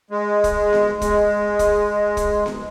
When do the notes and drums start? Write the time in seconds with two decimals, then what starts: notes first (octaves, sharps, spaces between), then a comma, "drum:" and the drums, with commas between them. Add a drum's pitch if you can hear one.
0.11 G#3
0.44 drum: kick, hi-hat
0.73 drum: snare B3
1.02 G#3, drum: kick, hi-hat
1.59 drum: kick, hi-hat
2.17 drum: kick, hi-hat
2.46 drum: snare B3